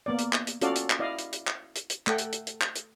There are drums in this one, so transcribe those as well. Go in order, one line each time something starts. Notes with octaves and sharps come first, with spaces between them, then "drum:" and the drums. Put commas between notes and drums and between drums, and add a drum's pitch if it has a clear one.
A#3 B3 D5
drum: hi-hat
drum: clap
drum: hi-hat
C#4 F4 F#4 A4 D5 F5, drum: hi-hat
drum: hi-hat
drum: clap
E4 D5 D#5 F5
drum: hi-hat
drum: hi-hat
drum: clap
drum: hi-hat
drum: hi-hat
A3 A4 F#5 G5, drum: clap
drum: hi-hat
drum: hi-hat
drum: hi-hat
drum: clap
drum: hi-hat